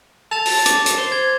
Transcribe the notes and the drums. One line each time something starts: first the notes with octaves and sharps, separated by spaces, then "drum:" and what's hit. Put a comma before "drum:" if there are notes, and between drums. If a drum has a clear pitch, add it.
A5 A6 F7
drum: open hi-hat
D6, drum: hi-hat
drum: hi-hat
C5
G#6